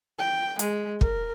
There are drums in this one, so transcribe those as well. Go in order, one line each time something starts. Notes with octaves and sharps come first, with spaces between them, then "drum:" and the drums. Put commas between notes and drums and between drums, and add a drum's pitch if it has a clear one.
G5
G#3, drum: hi-hat
A#4, drum: kick